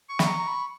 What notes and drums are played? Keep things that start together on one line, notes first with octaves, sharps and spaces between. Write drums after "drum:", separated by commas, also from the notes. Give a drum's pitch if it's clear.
C#6
B5, drum: snare
A#5
A#5
B5